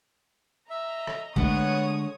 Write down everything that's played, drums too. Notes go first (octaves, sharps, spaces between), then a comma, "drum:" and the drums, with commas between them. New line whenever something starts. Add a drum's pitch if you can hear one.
D#5 E5 A#5
drum: rim click
D3 G#3 A3 B3 C#5 F#5 D#6, drum: kick B1